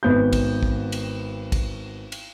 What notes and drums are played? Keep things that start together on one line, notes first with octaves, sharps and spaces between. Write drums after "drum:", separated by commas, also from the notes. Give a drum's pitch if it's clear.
G#1 B3 G6
drum: kick, cymbal
drum: kick
drum: cymbal
drum: kick, cymbal
drum: cymbal